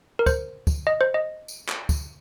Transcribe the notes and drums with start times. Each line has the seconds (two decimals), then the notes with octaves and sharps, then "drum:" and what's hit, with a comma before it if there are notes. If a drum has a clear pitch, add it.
0.19 A#4
0.26 C5, drum: kick, tambourine
0.67 drum: kick, tambourine
0.87 D#5
1.01 C5
1.14 D#5
1.48 drum: tambourine
1.69 drum: clap
1.89 drum: kick, tambourine